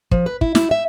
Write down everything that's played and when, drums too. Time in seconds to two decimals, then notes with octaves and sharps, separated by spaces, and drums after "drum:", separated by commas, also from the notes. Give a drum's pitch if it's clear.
0.11 F3, drum: kick
0.26 B4
0.41 E4, drum: kick
0.55 E4, drum: snare
0.71 E5